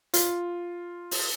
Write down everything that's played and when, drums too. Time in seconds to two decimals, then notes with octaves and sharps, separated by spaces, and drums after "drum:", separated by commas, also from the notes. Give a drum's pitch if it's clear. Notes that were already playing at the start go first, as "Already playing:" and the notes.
0.14 F4, drum: hi-hat
1.11 drum: open hi-hat